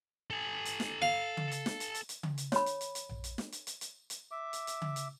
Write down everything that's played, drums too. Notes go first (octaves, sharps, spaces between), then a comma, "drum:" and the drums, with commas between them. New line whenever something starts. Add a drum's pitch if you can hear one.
A4 G#5
drum: hi-hat
drum: snare
F5
drum: tom C#3
drum: hi-hat
drum: snare
drum: hi-hat
drum: hi-hat
drum: hi-hat
drum: tom C#3
drum: hi-hat
C#5 B5, drum: snare
drum: hi-hat
drum: hi-hat
drum: hi-hat
drum: tom A#1
drum: hi-hat
drum: snare
drum: hi-hat
drum: hi-hat
drum: hi-hat
drum: hi-hat
E5 D6
drum: hi-hat
drum: hi-hat
drum: tom C#3
drum: hi-hat